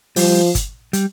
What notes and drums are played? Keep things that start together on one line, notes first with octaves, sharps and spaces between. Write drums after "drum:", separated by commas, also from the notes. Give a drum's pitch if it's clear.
F3 G3, drum: open hi-hat
drum: kick G1, hi-hat
G3, drum: hi-hat